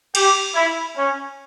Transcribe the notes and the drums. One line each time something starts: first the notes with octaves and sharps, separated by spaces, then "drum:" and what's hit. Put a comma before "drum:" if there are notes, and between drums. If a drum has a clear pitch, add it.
G4, drum: cymbal
E4
C#4